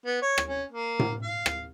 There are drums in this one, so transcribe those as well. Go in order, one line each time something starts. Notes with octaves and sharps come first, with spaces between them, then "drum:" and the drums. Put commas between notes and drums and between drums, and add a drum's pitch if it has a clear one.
B3
C#5
drum: rim click
C#4
A#3
drum: tom A2
F5
drum: rim click